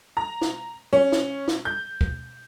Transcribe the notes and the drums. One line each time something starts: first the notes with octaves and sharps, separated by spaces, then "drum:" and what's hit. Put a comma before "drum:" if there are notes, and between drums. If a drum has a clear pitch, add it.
A#5
drum: snare
C#4
drum: snare
drum: snare
G6
drum: kick